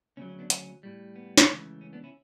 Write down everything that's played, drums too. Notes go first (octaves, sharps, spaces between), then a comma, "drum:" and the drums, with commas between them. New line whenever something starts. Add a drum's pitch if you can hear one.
D2 C#3 F#3 C#4
C#4
B3 D4
C#4, drum: hi-hat
A2 G3
B3
drum: snare
C#2 C#3 E3 A3
C#4
B3 D4
C#4 E4